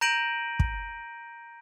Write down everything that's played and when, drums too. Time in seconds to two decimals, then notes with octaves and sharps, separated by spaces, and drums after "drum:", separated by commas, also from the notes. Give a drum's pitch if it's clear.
0.01 A#5 G6 A#6 D7 D#7 F#7
0.60 drum: kick